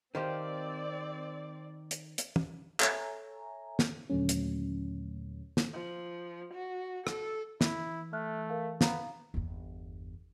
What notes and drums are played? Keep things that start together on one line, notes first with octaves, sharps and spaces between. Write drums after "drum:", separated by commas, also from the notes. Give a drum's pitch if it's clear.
D#3 C4 G4 C5 D5 F5
drum: hi-hat
drum: hi-hat
drum: tom
A4 C#5 E5 G#5 A#5, drum: clap
drum: snare
D#2 A#2 D3 F#3 A3 C#4
drum: hi-hat
drum: snare
F3
F#4
A4, drum: rim click
E3 E4, drum: snare
A3 E5 F6 F#6
A#4 F5
B3 F5 A#5, drum: snare
G1 E2